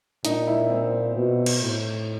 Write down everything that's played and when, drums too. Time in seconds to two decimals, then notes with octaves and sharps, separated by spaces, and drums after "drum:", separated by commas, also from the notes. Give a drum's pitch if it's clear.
0.25 A#2 D#4, drum: hi-hat
0.47 E4
0.70 C4
1.16 B2
1.46 drum: cymbal
1.62 A2